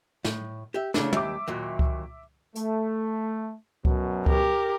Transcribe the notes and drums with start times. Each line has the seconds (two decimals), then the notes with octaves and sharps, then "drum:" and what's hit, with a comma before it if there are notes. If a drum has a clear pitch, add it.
0.24 A2, drum: snare
0.74 G4 E5
0.94 A1 C#3 A3 D4, drum: snare
1.13 D#2 G4 E5 D6, drum: tom
1.48 D#2 A#2 F#3
1.79 drum: kick C#2
2.55 A3, drum: hi-hat
3.85 F#2 B2 F#3, drum: kick C#2
4.26 G4 A#4, drum: kick C#2